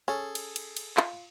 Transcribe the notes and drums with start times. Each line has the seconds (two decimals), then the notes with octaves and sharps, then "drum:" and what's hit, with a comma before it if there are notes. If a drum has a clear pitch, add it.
0.08 C#4 G#4 A4
0.35 drum: cymbal
0.56 drum: cymbal
0.77 drum: cymbal
0.97 F4, drum: clap